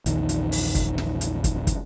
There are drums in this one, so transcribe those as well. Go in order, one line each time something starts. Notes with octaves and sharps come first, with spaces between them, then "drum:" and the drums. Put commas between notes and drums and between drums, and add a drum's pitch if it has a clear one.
A#1 E2 D#3, drum: hi-hat
drum: hi-hat
drum: open hi-hat
drum: kick, hi-hat
drum: snare
drum: hi-hat
drum: kick, hi-hat
drum: kick, hi-hat